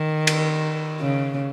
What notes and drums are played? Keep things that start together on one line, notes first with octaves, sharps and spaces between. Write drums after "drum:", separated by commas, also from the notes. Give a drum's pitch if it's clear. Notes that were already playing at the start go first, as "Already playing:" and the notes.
Already playing: D#3
drum: cymbal
C#3